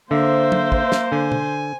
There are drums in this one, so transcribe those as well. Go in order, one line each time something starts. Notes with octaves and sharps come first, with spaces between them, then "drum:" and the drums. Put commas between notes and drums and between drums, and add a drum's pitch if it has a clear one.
D3 A#3 C5 E5
drum: tom
drum: kick
drum: snare
D3 G#5
drum: tom B2